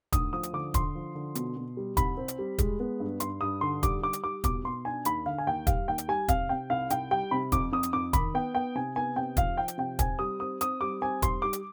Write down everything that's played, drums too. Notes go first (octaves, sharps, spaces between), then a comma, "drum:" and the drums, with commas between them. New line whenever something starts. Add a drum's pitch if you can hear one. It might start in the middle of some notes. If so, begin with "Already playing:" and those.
D2 D#6, drum: kick, hi-hat
F3 D#6
drum: hi-hat
D3 D6
D3 C6, drum: kick, hi-hat
F3
D3
B2, drum: hi-hat
B2
G3
C2 B5, drum: kick, hi-hat
C4
drum: hi-hat
G3
G#3, drum: kick, hi-hat
B3
G2
G2 C6, drum: hi-hat
G2 D#6
D3 C6
G3 D6, drum: kick, hi-hat
G3 D6
drum: hi-hat
G3 D6
B2 D6, drum: kick, hi-hat
B2 C6
D4 G#5
D#2 B5, drum: hi-hat
D3 F5
G#5
D#2 G5
G3 F5, drum: kick, hi-hat
D#2 G5
drum: hi-hat
G3 G#5
C3 F5, drum: kick, hi-hat
C3 G5
C2 F5
C2 G5, drum: hi-hat
G3 G5
C3 B5
F2 D6, drum: kick, hi-hat
F2 D#6
drum: hi-hat
F2 D6
D#3 B5, drum: kick, hi-hat
B3 G5
B3 G5
C3 G#5
B3 G#5
C3 G5
F3 F5, drum: kick, hi-hat
F3 G5
drum: hi-hat
C3 G5
C4 G#5, drum: kick, hi-hat
G3 D#6
C4 D#6
C4 D#6, drum: hi-hat
G3 D6
C4 G#5
G3 C6, drum: kick, hi-hat
G3 D6
drum: hi-hat